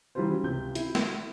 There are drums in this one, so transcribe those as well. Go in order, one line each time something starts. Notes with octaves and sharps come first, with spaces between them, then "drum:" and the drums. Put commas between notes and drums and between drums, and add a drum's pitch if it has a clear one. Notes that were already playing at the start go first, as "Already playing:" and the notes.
E3 F#3 G3 C#4 F4 C5
C#2 C3 G6
E4, drum: hi-hat
drum: snare